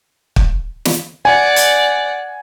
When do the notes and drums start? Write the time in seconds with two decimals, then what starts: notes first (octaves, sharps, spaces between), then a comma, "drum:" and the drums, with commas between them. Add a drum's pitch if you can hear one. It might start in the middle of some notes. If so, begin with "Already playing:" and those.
0.36 drum: kick
0.85 drum: snare
1.25 D5 F#5 G#5
1.56 drum: hi-hat